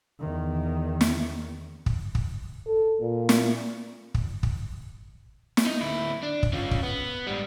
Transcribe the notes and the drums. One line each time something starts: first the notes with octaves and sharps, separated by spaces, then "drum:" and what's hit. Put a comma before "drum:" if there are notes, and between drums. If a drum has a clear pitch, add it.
E2 D#3
drum: snare
drum: kick
drum: kick
A4
A#2
drum: snare
drum: kick
drum: kick
drum: snare
D#4
D2 E4
D4
drum: kick
C#4 F4
drum: kick
B3
G#2 G3